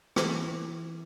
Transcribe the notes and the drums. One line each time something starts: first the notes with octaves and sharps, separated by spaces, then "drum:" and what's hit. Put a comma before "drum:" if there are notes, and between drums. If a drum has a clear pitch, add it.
E3, drum: rim click